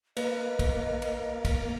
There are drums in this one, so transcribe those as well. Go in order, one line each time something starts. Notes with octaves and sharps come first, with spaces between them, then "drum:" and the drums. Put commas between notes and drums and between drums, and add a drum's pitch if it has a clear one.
A#3 B4 D#5, drum: cymbal
drum: kick, cymbal
drum: cymbal
drum: kick, cymbal